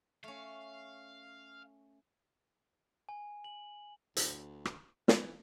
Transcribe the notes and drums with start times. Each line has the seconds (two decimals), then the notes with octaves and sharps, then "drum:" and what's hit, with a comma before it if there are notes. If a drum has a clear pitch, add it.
0.24 A3 C#4 F5
3.09 G#5
3.44 F#7
4.16 D2, drum: hi-hat
4.65 drum: rim click
5.08 E3, drum: snare